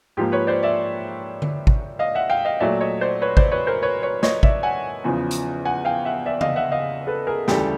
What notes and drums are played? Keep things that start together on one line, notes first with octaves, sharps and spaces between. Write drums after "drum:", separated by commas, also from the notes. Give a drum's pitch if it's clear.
G#2 F3 A#3 G4
B4 C#5
C5 D5
D5 E5
drum: tom D3
drum: kick
D#5 F5
E5 F#5
F5 G5
D#5 F5
A#2 F#3 A3 D5 E5
C#5 D#5
C5 D5
B4 C#5
C5 D5, drum: kick
B4 C#5
A#4 C5
B4 C#5
B4 C#5
C#5 D#5, drum: snare
D5 E5, drum: kick
F#5 G#5
E2 C#3 F3
drum: hi-hat
F#5 G#5
F5 G5
E5 F#5
D5 E5
D#5 F5, drum: tom C#3
E5 F#5
D#5 F5
A4 B4
G#4 A#4
D2 C#3 E3 G3 G4 A4, drum: snare